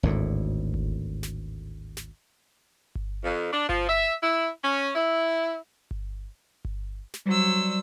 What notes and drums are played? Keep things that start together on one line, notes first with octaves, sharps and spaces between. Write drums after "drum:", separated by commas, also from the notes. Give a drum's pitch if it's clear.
G#1 D2 A2
drum: kick G1
drum: snare
drum: snare
drum: kick G1
F2
D4
F3, drum: kick G1
E5
E4
C#4
E4
drum: kick G1
drum: kick G1
drum: snare
F#3 G3 C5 E6